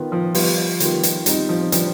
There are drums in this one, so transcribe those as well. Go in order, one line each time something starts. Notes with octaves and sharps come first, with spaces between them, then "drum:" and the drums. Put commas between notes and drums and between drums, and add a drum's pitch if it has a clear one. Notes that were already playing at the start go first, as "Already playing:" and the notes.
Already playing: D#3 B3 F4
F3
G3 B3 F4 B4, drum: open hi-hat
D#3 G3 B3 F4, drum: hi-hat
drum: hi-hat
G3 C4 D#4, drum: hi-hat
F3
F3 G3 D4 G4 B4, drum: hi-hat